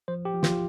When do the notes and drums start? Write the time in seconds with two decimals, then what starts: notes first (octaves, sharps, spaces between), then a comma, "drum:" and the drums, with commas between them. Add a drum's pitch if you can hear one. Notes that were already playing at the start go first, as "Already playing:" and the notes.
0.08 F3 C5
0.25 G4
0.34 F3
0.43 F4, drum: snare